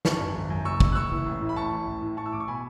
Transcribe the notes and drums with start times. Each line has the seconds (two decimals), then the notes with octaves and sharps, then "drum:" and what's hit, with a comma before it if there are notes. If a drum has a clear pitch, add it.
0.05 G#1 A5 C#6, drum: snare
0.21 F#2
0.35 G#1
0.50 F#2
0.65 F#1 C#6 E6
0.80 F#1, drum: kick
0.92 F#6
0.95 F#1 C#6 E6
1.12 E3
1.26 A1
1.41 A2
1.49 B5
1.56 A1 A5 C#6
1.72 E3
1.87 A1
2.02 A2
2.17 A2 A5 C#6
2.26 E6
2.33 A1 D6
2.40 C#6
2.48 B2 G#5 B5